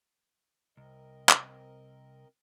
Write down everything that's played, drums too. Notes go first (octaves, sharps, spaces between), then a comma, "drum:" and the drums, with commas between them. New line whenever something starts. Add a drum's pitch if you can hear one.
C2 C4 A#4 D#5
drum: clap